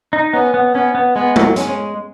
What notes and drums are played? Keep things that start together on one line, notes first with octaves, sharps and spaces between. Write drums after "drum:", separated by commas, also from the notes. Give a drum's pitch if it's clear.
D#4
B3 C#4
B3
B3 C#4
B3
G#3 B3
F#3, drum: tom G#3
G#3 C#4, drum: hi-hat